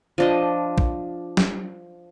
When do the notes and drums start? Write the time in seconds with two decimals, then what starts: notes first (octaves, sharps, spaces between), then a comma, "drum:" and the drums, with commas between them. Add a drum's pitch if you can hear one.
0.18 F3 D4 D#5
0.78 drum: kick
1.37 drum: snare